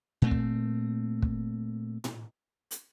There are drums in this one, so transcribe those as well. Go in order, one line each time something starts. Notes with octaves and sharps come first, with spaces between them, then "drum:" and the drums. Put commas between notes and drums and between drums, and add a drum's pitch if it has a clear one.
A#2 A3 C4
drum: kick
drum: kick
drum: tom A2
drum: hi-hat